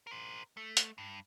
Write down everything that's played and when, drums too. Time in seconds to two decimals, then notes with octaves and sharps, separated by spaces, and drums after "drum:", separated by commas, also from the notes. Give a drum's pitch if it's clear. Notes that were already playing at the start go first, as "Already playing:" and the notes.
0.07 A#4 C5
0.57 A3
0.77 drum: hi-hat
0.98 G2